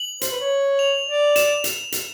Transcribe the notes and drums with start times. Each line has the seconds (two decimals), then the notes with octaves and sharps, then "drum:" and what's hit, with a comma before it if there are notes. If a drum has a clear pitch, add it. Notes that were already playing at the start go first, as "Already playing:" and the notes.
Already playing: F#7
0.21 C5, drum: hi-hat
0.31 B4
0.41 C#5
0.79 F7
1.08 D5
1.36 E7, drum: hi-hat
1.64 drum: hi-hat
1.92 drum: hi-hat